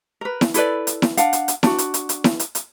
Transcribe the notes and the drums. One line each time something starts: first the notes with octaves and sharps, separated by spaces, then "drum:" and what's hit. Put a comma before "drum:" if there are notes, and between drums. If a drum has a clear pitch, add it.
A#4 B4
drum: snare E4
E4 A4 B4 D5, drum: hi-hat
drum: hi-hat
drum: snare E4
D4 F5 F#5, drum: hi-hat
drum: hi-hat
drum: hi-hat
D4 F#4, drum: snare E4
drum: hi-hat
drum: hi-hat
drum: hi-hat
drum: snare E4
drum: hi-hat
drum: hi-hat